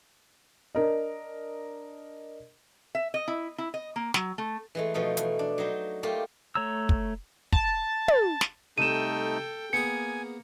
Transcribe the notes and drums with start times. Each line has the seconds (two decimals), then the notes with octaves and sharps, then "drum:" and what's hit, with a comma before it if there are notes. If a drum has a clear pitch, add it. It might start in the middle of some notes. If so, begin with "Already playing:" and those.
0.75 D4 A#4 D#5
2.95 E5
3.14 D#5
3.28 E4
3.58 E4
3.74 D#5
3.96 A#3
4.14 F#3, drum: snare
4.38 A3
4.75 E3 G#3 A3
4.94 B2 F3 A3 D#4
5.17 E3, drum: hi-hat
5.39 D4
5.58 F#3 D#4 C5
6.03 A3 A#3 F4 G4
6.55 A3 C#5 A#5 E6
6.89 drum: kick
7.52 A5, drum: kick
8.08 drum: tom
8.41 drum: snare
8.78 C2 A3 D#4 A4 G5 D#7 E7
9.73 A#3 B3 G#4 G#5 C#7